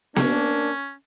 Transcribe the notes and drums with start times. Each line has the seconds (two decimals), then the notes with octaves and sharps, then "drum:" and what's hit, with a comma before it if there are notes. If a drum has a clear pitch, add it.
0.16 A#3 C#4 D4, drum: snare B3